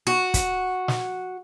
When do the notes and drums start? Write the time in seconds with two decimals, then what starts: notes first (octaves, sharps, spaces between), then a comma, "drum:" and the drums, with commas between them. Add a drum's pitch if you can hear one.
0.07 F#4
0.34 drum: kick, hi-hat
0.88 drum: snare